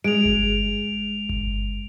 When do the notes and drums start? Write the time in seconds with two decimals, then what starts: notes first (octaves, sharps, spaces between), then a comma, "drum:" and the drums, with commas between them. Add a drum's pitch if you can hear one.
0.04 G#3 D7 F7
0.25 drum: kick G1
1.29 drum: kick G1